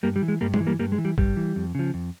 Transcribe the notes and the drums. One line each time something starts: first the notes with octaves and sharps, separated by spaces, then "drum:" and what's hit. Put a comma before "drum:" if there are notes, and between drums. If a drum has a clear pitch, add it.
G2 G3 A#3
G3
E3
G#3
G2 G3 A#3
G#3, drum: tom G2
E3
G3 A#3
G2 G3 A#3
G#3
E3
G3
G2 G3, drum: kick
E3
F2
C#3 F3
F2